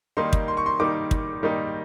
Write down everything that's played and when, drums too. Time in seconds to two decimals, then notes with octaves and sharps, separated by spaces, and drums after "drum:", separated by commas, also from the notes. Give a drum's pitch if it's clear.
0.17 D#3 G3 A#3 D#4 C6
0.33 drum: kick
0.48 C6
0.57 C#6
0.66 C6
0.80 D#3 G3 A#3 D#4 D6
1.11 drum: kick
1.43 D#3 G3 A#3 D#4